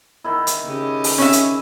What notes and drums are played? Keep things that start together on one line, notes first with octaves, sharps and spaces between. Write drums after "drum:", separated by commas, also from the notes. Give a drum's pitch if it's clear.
D#3 E4
drum: hi-hat
C#3 G4 D#5
drum: open hi-hat
C#4 E5
drum: hi-hat